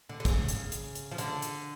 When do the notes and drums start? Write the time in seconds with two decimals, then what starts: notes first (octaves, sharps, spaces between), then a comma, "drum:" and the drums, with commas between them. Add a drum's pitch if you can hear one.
0.09 D3
0.20 D3
0.25 C#3, drum: kick, hi-hat
0.48 drum: hi-hat
0.72 drum: hi-hat
0.95 drum: hi-hat
1.11 F3
1.18 D3, drum: hi-hat
1.42 drum: hi-hat